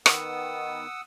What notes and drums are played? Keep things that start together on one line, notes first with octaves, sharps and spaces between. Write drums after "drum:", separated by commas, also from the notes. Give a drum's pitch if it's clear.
D#3 B3 F#5 D#6 E6, drum: rim click